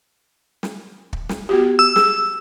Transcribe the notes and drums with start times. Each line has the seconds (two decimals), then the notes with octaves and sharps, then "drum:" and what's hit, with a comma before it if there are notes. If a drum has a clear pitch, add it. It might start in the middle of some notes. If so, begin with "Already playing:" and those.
0.63 drum: snare
1.13 drum: kick
1.29 drum: snare
1.49 B3 F#4 G4
1.79 E6
1.96 G#4, drum: snare